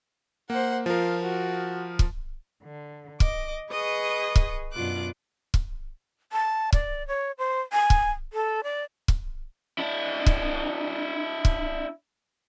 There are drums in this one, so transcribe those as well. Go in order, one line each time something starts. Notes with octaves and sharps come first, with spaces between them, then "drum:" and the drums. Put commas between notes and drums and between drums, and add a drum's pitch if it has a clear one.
A#3 C5 F#5
F3 F4 A#4
F#4
drum: kick
D3
D#5 D6, drum: kick
G#4 B4 D#5 C#6 D#6
drum: kick
F#2 B2 D4 F4 D6 F#6
drum: kick
A5
D5, drum: kick
C#5
C5
G#5
drum: kick
A4
D5
drum: kick
D4 E4
drum: kick
drum: kick